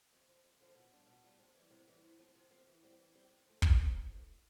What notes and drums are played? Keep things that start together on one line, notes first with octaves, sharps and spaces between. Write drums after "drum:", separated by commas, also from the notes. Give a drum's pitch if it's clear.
F2
D3 F3
F2
D3 F3
B2
G3 D4 F4
B2
G3 D4 F4
C3
E3 G3
C3
E3 G3
C3
F3 C4
C3
F3 C4
E3
G3 C4 G4
E3
G3 C4 G4
C3
F3 A3
C3, drum: kick
F3 A3
E2
C3 E3 A3